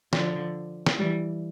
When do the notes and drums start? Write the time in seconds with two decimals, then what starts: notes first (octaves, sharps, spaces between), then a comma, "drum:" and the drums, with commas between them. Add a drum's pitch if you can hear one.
0.13 D3 F3, drum: snare
0.86 drum: snare
0.98 E3 G3